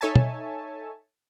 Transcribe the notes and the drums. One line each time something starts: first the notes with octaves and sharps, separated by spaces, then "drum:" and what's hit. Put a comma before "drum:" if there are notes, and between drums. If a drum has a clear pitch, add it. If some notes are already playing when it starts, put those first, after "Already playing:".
D#4 A4 C#5 E5 G#5 A5
drum: tom